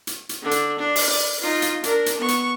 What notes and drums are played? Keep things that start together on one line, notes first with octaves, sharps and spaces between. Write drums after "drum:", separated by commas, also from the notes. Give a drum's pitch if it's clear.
drum: hi-hat
drum: hi-hat
D3 D4
drum: hi-hat
D4
drum: open hi-hat
D5
D#4 F4
drum: hi-hat
D4 A#4, drum: hi-hat
drum: hi-hat
B3 C#6
drum: hi-hat